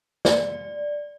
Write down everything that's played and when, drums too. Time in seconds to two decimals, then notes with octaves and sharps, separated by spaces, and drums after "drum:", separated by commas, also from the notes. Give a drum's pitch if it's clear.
0.25 D5, drum: snare